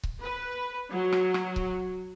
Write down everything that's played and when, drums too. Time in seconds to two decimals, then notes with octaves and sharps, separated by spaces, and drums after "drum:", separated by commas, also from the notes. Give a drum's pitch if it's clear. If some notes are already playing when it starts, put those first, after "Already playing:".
0.03 drum: kick C#1
0.22 B4
0.91 F#3
1.12 drum: rim click
1.34 drum: rim click
1.56 drum: kick C#1